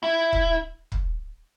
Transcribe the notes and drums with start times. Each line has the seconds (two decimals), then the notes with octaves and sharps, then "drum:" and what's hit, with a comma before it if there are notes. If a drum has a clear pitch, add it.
0.03 E4
0.33 drum: kick
0.92 drum: kick